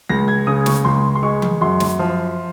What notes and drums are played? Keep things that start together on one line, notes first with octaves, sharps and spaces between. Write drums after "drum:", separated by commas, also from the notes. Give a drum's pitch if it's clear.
C#2 A#6
G#6
C#3 D#6
C#6, drum: snare
C#2 C6
C6
G#3 C#6
drum: tom E3
F#2 C6
drum: snare
F3